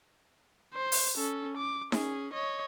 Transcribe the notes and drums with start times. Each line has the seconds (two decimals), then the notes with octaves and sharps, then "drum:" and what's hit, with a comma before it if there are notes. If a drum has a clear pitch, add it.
0.74 C5
0.92 drum: open hi-hat
1.16 C#4 A4
1.57 D6
1.92 C#4 G#4, drum: snare D#4
2.33 C#5 D#5